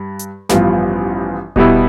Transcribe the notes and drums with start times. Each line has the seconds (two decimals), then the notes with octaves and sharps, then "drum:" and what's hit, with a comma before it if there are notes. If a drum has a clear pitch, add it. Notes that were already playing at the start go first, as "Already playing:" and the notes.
Already playing: G2
0.19 drum: hi-hat
0.49 A1 G2 F3 B3 F4, drum: snare
1.56 B2 G3 B3 E4, drum: kick D#1